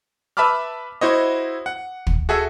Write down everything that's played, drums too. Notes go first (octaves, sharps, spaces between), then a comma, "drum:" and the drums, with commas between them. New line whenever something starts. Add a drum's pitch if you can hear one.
B4 E5 A5 B5 D6 F6
E4 F#4 C5 C#5 D#5
F#5
drum: kick
F#4 G#4 A4 E5 G#5